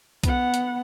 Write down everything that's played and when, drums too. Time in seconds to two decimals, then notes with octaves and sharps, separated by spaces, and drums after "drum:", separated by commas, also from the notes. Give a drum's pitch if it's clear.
0.23 B3 F#5, drum: kick B1, hi-hat
0.54 drum: hi-hat